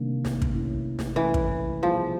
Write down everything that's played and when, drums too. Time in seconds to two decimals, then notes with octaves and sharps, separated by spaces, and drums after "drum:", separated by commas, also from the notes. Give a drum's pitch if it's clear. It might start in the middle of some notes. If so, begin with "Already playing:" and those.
Already playing: C3 D#3 G3 A#3 D4
0.25 drum: snare
0.42 drum: kick
0.51 A3 C#4 E4
0.99 drum: snare
1.16 E3 A3 C#4 E4
1.34 drum: kick
1.82 B2 F3 G3 B3 E4 G#4